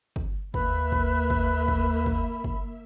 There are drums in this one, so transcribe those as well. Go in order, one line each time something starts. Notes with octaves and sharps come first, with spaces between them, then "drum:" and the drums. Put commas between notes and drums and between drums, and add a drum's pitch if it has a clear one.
drum: kick G1
D#2 A#3 B4 E5 B5, drum: kick G1
drum: kick G1
drum: kick G1
drum: kick G1
drum: kick G1
drum: kick G1